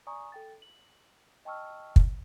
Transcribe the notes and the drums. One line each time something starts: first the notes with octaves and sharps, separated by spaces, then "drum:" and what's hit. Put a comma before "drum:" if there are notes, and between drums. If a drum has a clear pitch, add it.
D5 G#5 A#5 C#6 D#6
A4 G5 A6
F#7
D#5 G5 A5 C#6 E6 F6
drum: kick